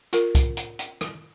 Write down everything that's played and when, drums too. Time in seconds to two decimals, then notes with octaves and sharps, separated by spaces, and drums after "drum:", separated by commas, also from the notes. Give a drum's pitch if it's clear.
0.13 F4 A#4, drum: hi-hat
0.35 drum: kick C2, hi-hat
0.57 drum: hi-hat
0.79 drum: hi-hat
1.01 drum: rim click